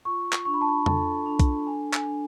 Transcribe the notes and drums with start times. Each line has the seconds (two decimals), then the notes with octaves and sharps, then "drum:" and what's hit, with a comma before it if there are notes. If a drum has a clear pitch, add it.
0.05 F4 C#6
0.33 drum: clap
0.45 D4 C#6
0.54 B5
0.61 A5
0.69 B5
0.86 A4 A5, drum: tom F2
1.26 D4
1.40 drum: kick B1, hi-hat
1.66 D4 G#5
1.93 G#5, drum: clap
2.06 D4